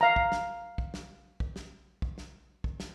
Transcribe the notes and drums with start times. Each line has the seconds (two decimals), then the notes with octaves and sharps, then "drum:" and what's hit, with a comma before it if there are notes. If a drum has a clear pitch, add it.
0.01 F5 A#5
0.16 drum: kick
0.32 drum: snare
0.78 drum: kick
0.94 drum: snare
1.40 drum: kick
1.56 drum: snare
2.02 drum: kick
2.18 drum: snare
2.64 drum: kick
2.80 drum: snare